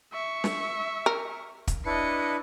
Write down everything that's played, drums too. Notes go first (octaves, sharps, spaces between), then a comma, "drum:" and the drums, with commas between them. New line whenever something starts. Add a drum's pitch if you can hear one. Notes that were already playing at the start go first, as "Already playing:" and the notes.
E5 C#6
drum: snare
A#4
drum: kick, hi-hat
D4 E4 B4 D#5 C#7